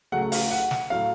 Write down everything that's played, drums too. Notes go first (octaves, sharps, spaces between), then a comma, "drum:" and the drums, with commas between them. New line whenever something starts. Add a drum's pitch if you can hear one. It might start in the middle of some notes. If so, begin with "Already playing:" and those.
C#3 F#3 A3 F#5
F#5
F5, drum: open hi-hat
F#5
drum: snare
A2 F#3 A3 F5